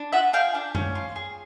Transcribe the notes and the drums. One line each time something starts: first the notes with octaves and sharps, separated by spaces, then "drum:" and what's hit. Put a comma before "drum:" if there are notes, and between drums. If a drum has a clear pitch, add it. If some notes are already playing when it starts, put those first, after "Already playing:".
Already playing: D4
F4 E5 F#5
G#4 F5 G5
D4
C#4, drum: tom F#2
F4
G#4